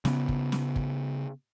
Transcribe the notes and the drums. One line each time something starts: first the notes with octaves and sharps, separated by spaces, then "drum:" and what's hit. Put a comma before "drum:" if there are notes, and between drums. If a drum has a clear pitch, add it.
C#3 B3, drum: snare
drum: kick
drum: snare
drum: kick